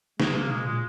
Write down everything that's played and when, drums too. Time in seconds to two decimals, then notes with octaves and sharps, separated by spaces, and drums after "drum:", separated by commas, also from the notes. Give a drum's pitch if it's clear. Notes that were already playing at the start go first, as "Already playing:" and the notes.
0.20 C#3 G#3, drum: snare
0.35 C#3 A#3
0.50 B2 G#3
0.65 A#2 G#3